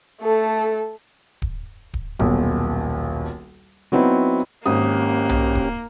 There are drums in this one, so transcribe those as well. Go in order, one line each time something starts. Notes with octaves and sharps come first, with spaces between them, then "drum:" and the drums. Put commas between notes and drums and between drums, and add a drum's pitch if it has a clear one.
A3 A4
drum: kick D1
drum: kick D1
D#1 B1, drum: kick D1
F#3 B3 C4 D#4 E4
G#1 A#3 C#4 G4 D#6
drum: tom B1
drum: kick D1